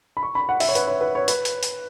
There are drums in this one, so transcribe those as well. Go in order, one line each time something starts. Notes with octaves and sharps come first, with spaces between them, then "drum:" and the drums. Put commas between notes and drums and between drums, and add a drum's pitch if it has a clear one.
B5
C#6
B5
F#5
E5, drum: open hi-hat
C#5
B4, drum: hi-hat
C#5
B4
C#5
B4, drum: hi-hat
drum: hi-hat
drum: hi-hat